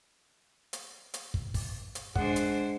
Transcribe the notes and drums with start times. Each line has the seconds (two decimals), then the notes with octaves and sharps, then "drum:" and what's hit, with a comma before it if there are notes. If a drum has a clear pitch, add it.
0.73 drum: hi-hat
1.14 drum: hi-hat
1.34 drum: kick
1.54 drum: kick, open hi-hat
1.95 drum: hi-hat
2.15 G#3 D4 C5 F#5, drum: kick
2.36 drum: hi-hat